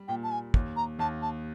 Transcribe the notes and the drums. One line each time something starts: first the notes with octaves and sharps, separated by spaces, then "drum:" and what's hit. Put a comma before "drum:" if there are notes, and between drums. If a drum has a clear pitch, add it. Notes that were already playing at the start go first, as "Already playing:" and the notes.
Already playing: G3
A#2 G5
A5
G#5
D#2, drum: kick
A#5
D#2 A5
A5